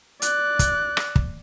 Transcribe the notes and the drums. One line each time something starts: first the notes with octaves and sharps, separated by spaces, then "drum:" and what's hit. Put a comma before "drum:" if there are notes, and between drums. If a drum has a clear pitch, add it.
D5 F#6, drum: hi-hat
drum: kick, hi-hat
drum: rim click
drum: kick